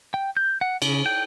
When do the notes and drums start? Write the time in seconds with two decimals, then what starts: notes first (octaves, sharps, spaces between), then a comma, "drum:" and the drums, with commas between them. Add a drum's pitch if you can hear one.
0.14 G5
0.37 G6
0.61 F#5
0.82 C#3, drum: cymbal
1.06 G5